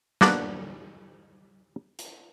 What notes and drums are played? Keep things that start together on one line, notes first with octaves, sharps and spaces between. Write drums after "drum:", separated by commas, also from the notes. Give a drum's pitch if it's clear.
A#3 B3 D4 F#4 D5, drum: snare
drum: hi-hat